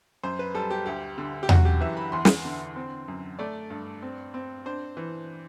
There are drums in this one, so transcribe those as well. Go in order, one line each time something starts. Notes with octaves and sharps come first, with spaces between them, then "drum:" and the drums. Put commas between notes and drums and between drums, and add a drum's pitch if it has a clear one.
F#2 C5
B4
G3 A4
G4
D2 G4
D3
G4
F#2 F#4, drum: tom E2
G4
E3 E5
B5
E2 C6
drum: snare
D3
C4
F#2
A3 D5
G2
C4
C4
D4 C5
E3